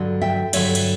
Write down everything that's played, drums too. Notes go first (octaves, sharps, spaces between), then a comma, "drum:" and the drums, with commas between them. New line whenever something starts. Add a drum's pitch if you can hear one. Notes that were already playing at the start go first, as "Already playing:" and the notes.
Already playing: G2 D3 F#3
E5 G5
G2 D3 F#3 C#5 E5, drum: cymbal
drum: cymbal